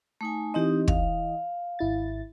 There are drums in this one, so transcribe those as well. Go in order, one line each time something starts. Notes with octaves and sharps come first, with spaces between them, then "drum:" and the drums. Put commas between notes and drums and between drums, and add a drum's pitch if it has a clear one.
A3 D#4 G#5
E3 C4 D#4 G4 D#5
F5, drum: kick
G#1 E4 A6